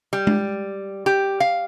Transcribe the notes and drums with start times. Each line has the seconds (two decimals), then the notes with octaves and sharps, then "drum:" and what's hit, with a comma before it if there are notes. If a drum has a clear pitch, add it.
0.13 G3
0.27 drum: tom G#3
1.06 G4
1.40 F5